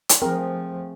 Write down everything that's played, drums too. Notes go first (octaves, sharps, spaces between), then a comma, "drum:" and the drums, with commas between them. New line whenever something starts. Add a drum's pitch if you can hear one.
drum: hi-hat
F3 A3 C4 G#4 A#4 G5